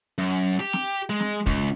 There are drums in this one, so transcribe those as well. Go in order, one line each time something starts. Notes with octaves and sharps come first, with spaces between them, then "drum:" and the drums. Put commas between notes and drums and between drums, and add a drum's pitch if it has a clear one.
F#2
G4
drum: snare
G#3
drum: snare
C#2, drum: kick